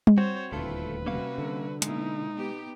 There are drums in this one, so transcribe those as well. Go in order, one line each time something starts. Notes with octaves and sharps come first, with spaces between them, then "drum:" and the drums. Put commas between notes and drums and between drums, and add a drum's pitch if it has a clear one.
drum: tom G3
C4 F#4 C5 C#5
D#1 D2 A3 C4 E4 F4 A4 B4
C3 G3 A#3 C#4 F#4 F5
D3
B2 G#3 A#3 D#4 E4, drum: hi-hat
B3 G4